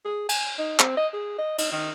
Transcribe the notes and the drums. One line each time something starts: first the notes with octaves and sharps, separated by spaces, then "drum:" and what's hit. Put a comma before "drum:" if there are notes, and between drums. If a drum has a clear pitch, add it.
G#4
G#5, drum: cymbal
D#4
C4, drum: clap
D#5
G#4
D#5
D#4, drum: cymbal
D#3